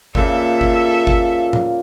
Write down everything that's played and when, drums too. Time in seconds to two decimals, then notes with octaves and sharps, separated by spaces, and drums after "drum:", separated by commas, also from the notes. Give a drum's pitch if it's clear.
0.15 A#2 C#3 A4 E5, drum: kick G1
0.61 drum: kick G1
1.07 drum: kick G1
1.53 drum: tom A2